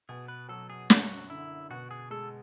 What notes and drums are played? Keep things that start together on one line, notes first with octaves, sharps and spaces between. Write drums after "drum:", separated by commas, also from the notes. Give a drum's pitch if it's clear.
B2 G#4
B4
F#3 A4
G#4
F#2 F#4, drum: snare
D3 E4
B2 F#4
G#4
G#3 A4